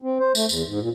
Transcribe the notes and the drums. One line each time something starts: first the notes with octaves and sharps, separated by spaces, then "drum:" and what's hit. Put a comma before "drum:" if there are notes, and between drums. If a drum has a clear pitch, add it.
C4
C5
A3, drum: tambourine
E2, drum: tambourine
G#2
A#2